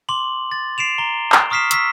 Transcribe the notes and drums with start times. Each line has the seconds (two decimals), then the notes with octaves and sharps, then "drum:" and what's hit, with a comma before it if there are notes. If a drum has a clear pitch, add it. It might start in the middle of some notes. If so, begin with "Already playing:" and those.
0.09 C6 D6 F#7
0.52 A6
0.78 C7 D7 E7 F7
0.98 A#5 G7
1.32 drum: clap
1.50 C#6 D#6 F6 B6 C7 E7
1.71 C#6 E6 B6, drum: hi-hat